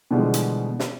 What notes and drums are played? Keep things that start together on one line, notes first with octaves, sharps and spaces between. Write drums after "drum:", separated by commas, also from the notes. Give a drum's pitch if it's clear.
B2 D3 E3 F3 G3 G#3
drum: hi-hat
drum: snare